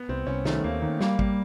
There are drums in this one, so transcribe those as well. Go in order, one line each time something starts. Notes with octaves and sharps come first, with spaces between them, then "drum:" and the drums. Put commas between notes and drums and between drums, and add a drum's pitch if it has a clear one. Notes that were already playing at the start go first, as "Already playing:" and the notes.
Already playing: B3
C2 C4
C2 C#4
D#3 A3, drum: snare
D#2 A#3
D#3
G3 A#3, drum: snare
G3 A#3, drum: kick G#1